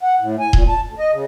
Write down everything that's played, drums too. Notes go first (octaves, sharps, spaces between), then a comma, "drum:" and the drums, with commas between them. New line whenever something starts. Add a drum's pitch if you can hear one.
F#5
A2
G#5
A#2, drum: kick D#1
A5
D2
D#5
C#3